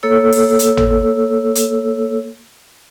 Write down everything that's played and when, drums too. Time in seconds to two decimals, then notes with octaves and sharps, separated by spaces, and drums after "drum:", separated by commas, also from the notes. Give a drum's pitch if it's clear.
0.03 A#3 A4 C#5 E6
0.32 drum: open hi-hat
0.59 drum: hi-hat
0.77 drum: tom
1.55 drum: hi-hat